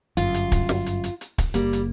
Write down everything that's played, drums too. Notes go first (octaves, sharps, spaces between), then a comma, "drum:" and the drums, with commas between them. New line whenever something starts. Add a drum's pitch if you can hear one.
G1 F#2 F4, drum: hi-hat
drum: hi-hat
drum: kick, hi-hat
drum: snare
drum: hi-hat
drum: hi-hat
drum: hi-hat
drum: kick, hi-hat
F#1 G3 A#3, drum: hi-hat
drum: hi-hat